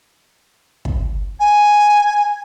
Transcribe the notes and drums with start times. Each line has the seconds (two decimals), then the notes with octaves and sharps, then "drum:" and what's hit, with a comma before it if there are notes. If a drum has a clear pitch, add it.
0.85 drum: kick
1.40 G#5